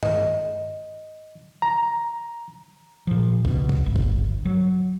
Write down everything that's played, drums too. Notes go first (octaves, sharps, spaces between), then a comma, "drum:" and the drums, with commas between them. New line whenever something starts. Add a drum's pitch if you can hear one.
D#5, drum: tom
A#5
A#2 F3
C#2 B2, drum: kick
drum: kick
G1
drum: kick
F#3